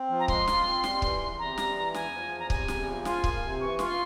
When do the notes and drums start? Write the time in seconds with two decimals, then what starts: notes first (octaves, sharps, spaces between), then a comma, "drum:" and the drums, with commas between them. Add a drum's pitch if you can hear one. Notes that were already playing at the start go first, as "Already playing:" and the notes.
Already playing: C4
0.10 F3
0.20 A#5
0.28 G#3 C6, drum: kick C#1
0.48 F4, drum: snare
0.65 C4
0.84 G3, drum: snare
1.02 E3, drum: kick C#1
1.21 E2
1.39 C3 A#5
1.58 G3, drum: snare
1.76 E3
1.94 E2 G#5, drum: snare
2.13 F3
2.31 E2
2.39 A#5
2.50 C3 G#5, drum: kick C#1
2.68 E2, drum: snare
2.86 F3
3.05 F4 G#5, drum: snare
3.24 A#3, drum: kick C#1
3.42 C3
3.60 E3 C#6
3.79 F4, drum: snare
3.88 C6